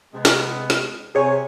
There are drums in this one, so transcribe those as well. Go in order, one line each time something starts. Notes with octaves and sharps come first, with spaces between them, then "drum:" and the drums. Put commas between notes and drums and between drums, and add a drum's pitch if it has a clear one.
C3 G#3 B3
drum: snare
drum: snare
C3 G#4 C#5 G#5